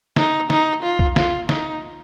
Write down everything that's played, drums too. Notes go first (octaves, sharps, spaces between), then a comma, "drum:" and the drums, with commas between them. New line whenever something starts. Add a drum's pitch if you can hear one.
D#4, drum: snare
D#4, drum: snare
F4
drum: kick
F4, drum: snare
D#4, drum: snare